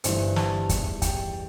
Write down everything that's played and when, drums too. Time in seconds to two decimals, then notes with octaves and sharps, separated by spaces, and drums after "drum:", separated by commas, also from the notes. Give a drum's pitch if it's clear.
0.04 G1 G2 E3 C5, drum: hi-hat
0.36 A5, drum: snare
0.69 E2 E3 G3, drum: kick, hi-hat
1.02 G5, drum: kick, hi-hat